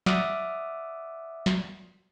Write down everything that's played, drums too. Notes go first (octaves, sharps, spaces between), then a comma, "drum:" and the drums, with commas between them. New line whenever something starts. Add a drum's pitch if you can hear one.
D5 E5 F#5 D6 D#6 F6, drum: snare
drum: snare